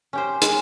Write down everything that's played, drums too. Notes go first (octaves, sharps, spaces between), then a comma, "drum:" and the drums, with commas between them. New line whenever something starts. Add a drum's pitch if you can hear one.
C#4 G4 C5
G#3, drum: hi-hat